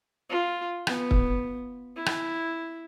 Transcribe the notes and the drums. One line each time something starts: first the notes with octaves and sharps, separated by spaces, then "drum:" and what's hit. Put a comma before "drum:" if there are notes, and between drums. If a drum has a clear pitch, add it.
F4
B3, drum: rim click
drum: kick
E4
drum: rim click